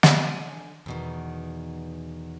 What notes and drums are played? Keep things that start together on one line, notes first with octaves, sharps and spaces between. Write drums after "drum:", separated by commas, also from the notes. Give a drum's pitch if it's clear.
drum: snare
D3 G#5
E2 B2 D#3